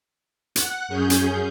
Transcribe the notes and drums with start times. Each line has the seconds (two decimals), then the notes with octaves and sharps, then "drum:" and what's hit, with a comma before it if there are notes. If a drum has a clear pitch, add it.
0.56 F#5 F#6, drum: hi-hat
0.88 F#2 C#4 G#4 G6
1.10 drum: hi-hat